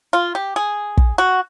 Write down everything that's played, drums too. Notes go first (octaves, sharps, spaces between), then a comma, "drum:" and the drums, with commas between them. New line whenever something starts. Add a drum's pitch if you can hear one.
F4
G4
G#4
drum: kick
F#4